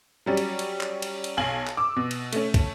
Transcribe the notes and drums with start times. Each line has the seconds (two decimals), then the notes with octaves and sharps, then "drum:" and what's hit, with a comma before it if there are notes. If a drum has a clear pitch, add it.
0.26 F#3 G3 C#4
0.37 drum: cymbal
0.59 drum: cymbal
0.81 drum: clap
1.02 drum: cymbal
1.24 drum: cymbal
1.37 B1 F5 G#5 F#7
1.67 drum: clap
1.77 D6 E6
1.96 B2
2.11 drum: cymbal
2.33 A3 C#4, drum: cymbal
2.54 drum: kick, cymbal